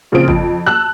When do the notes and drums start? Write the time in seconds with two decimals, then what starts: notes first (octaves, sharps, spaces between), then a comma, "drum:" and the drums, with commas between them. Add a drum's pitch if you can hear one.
0.12 A#2 C#3 F3 C4 F4 D7
0.28 F2, drum: kick G1
0.66 A5 E6 F#6